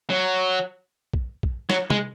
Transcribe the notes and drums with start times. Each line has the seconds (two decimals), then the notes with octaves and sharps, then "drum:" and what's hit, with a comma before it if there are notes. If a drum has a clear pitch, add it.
0.10 F#3
1.14 drum: kick A#1
1.43 drum: kick A#1
1.70 F#3, drum: snare
1.90 G#3, drum: tom